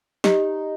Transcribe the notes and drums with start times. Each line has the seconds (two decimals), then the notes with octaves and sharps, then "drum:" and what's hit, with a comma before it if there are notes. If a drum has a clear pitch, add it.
0.24 D#4 G4, drum: snare